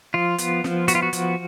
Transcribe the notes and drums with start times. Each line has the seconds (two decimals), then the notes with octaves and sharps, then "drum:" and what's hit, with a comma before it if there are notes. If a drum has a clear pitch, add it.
0.14 F3 F4
0.38 B3, drum: hi-hat
0.64 F3, drum: snare
0.88 B3 F#4, drum: hi-hat
0.95 F4
1.02 F#4
1.13 F3, drum: hi-hat